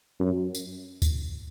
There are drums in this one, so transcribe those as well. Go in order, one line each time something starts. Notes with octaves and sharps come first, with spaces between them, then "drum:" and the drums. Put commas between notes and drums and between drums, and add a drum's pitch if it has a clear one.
F#2
drum: tambourine
drum: kick D2, tambourine